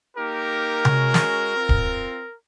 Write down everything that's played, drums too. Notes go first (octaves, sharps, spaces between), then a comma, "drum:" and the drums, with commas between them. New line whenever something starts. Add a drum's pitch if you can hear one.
A#3 D#4 G4 A#4
G#3 C#4 F#4, drum: tom C3
drum: snare
C4 F4
drum: kick